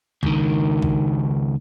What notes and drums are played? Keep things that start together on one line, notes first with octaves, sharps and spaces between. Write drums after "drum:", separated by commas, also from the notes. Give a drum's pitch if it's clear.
C#2 D#3, drum: kick B1
drum: kick B1